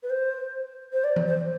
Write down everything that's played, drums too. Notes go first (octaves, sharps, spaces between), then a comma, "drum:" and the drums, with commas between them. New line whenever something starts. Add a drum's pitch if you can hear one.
B4
C5
C5
D5
drum: tom E3
C5